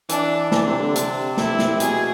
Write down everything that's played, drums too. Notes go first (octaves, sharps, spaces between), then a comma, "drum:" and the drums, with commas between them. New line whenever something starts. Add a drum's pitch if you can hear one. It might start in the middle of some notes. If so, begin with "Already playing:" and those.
E3 D4, drum: hi-hat
E3 D4, drum: snare
C3
D3
C3, drum: hi-hat
E4, drum: snare
drum: snare
B2 G#4, drum: hi-hat